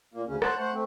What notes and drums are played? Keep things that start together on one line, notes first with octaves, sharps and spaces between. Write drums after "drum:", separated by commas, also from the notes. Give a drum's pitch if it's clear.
A#2 A#3
D2 C#3 C#4
C5 C#5 F#5 A5, drum: rim click
A3 C5 F#5
A3 C4